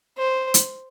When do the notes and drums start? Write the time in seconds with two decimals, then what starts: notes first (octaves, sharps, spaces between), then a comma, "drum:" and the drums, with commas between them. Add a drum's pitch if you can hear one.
0.18 C5
0.54 drum: hi-hat